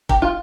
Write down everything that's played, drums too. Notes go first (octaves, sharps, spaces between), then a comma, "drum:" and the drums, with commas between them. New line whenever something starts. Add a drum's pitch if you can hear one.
G4, drum: kick
F4